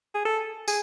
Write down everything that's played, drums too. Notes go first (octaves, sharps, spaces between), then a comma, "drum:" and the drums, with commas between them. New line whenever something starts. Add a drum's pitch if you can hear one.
G#4
A4
G#4, drum: tambourine